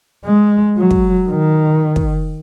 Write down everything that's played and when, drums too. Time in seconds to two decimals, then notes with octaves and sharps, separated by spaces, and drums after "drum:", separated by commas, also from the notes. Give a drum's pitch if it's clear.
0.25 G#3
0.78 F#3
0.91 drum: kick
1.30 D#3
1.96 drum: kick